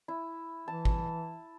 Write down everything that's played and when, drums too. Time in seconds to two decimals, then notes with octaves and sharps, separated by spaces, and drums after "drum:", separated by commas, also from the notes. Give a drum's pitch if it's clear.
0.08 E4
0.68 E3 A5
0.85 drum: kick G#1